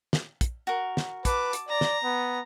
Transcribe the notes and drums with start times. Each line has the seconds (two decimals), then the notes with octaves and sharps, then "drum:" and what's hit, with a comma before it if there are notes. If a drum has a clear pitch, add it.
0.13 drum: snare
0.41 drum: kick, hi-hat
0.67 F#4 A#4
0.97 drum: snare
1.25 B4 A5 D6, drum: kick, hi-hat
1.53 drum: hi-hat
1.69 D5 A#5
1.81 drum: snare
2.04 B3